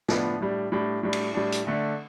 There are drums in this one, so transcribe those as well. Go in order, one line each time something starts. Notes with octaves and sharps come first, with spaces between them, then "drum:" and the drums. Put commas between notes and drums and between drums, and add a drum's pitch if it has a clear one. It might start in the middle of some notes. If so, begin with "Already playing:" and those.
A2 F3 B3 D4, drum: snare
A2 G3 D4
A2 G3 D4
A2 G3 D4
drum: cymbal
A2 G3 D4
drum: hi-hat
D3 A3 D4